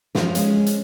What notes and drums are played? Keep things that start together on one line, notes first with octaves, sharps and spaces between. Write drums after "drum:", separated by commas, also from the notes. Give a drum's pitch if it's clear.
F#2 F3 F4, drum: snare
G#3 C#4, drum: hi-hat
drum: hi-hat